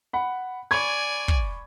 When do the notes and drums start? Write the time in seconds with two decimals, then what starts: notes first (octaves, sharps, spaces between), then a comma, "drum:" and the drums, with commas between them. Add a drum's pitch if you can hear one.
0.13 F#5 B5
0.71 D5 G#5 B5 C#6 G#6
1.28 drum: kick